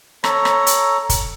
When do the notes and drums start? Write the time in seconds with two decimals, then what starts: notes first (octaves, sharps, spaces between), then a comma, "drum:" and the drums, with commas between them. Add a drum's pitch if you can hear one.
0.24 A4 C#5 A#5, drum: rim click
0.45 drum: rim click
0.67 drum: hi-hat
1.09 drum: kick, hi-hat